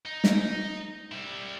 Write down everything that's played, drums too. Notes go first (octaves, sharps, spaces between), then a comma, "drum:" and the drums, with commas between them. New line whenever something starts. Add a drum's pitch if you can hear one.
D#4
drum: snare
G3 E4